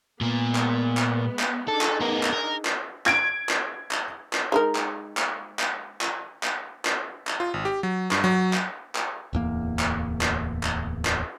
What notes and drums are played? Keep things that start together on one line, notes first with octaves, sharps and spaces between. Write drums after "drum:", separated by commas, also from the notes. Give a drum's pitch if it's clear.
A#2 G#3 A#3 B3
drum: clap
drum: clap
drum: clap
D4 D#4 G#4 A4
drum: clap
B3 A#4
drum: clap
A#4
drum: clap
G#6 D7, drum: clap
drum: clap
drum: clap
drum: clap
G#3 D#4 A#4
drum: clap
drum: clap
drum: clap
drum: clap
drum: clap
drum: clap
drum: clap
F4
G#1
G4
F#3
G2, drum: clap
F#3
drum: clap
drum: clap
D1 E2 A#3
drum: clap
drum: clap
drum: clap
drum: clap